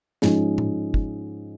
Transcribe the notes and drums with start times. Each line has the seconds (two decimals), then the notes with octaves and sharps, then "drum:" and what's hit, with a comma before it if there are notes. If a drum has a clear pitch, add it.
0.22 G#2 F3 G#3 C#4, drum: snare
0.58 drum: tom A2
0.94 drum: kick